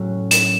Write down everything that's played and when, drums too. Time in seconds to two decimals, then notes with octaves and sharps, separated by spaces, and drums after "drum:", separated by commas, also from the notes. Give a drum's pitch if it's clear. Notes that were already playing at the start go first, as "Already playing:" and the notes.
Already playing: A2 F#3 C#4 F#4
0.31 E7, drum: hi-hat